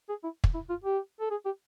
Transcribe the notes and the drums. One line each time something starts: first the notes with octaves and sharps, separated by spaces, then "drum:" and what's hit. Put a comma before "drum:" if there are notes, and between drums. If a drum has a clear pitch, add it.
G#4
E4
drum: kick
E4
F4
G4
A4
G#4
G4